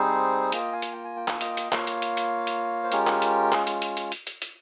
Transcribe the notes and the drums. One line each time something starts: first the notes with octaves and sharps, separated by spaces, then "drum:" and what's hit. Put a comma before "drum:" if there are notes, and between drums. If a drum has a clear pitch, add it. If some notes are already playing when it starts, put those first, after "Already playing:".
Already playing: G3 C4 D#4 G#4 C5
A#3 F4 D#5 G5, drum: hi-hat
F5 G#5
drum: hi-hat
G5
G#5
G5
G#5, drum: clap
D#5 G5, drum: hi-hat
drum: hi-hat
A#3 F4 C#5 F5, drum: clap
drum: hi-hat
drum: hi-hat
drum: hi-hat
drum: hi-hat
C5
G#3 C#4 F4 G4 A#4, drum: hi-hat
drum: clap
drum: hi-hat
G#4, drum: clap
drum: hi-hat
drum: hi-hat
drum: hi-hat
drum: hi-hat
drum: hi-hat
drum: hi-hat